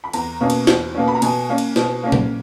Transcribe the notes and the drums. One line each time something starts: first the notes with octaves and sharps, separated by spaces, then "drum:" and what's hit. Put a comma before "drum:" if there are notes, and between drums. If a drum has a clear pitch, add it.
B5
E2 A#5, drum: cymbal
B2 A#3 C#4
drum: cymbal
E2, drum: snare
B2 A#3 C#4
B5
A#5
B2 G#5, drum: cymbal
A#3 C#4
drum: cymbal
B2, drum: snare
A#3 C#4
drum: tom A#2